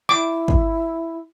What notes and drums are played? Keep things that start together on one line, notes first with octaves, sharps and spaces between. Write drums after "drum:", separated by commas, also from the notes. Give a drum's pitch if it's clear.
E4 D6
drum: kick